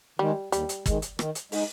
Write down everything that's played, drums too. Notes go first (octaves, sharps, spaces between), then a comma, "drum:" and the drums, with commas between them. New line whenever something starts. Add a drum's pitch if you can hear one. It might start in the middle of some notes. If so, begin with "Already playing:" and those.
D#3 G3 G#3
D#2 G3, drum: hi-hat
drum: hi-hat
D#3 G#3, drum: kick, hi-hat
drum: hi-hat
D#3, drum: rim click
drum: hi-hat
G#3 D#4, drum: open hi-hat